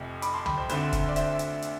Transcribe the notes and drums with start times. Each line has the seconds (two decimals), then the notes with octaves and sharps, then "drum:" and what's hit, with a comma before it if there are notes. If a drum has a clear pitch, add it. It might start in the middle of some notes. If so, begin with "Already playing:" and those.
Already playing: F1 F2 C3
0.22 B5 D6, drum: hi-hat
0.34 A5 C6
0.46 G5 B5, drum: tom
0.58 C5
0.69 D2 D3 A3 C4 C5, drum: hi-hat
0.93 drum: kick, hi-hat
1.08 D5
1.16 C5 E5, drum: hi-hat
1.39 drum: hi-hat
1.62 drum: hi-hat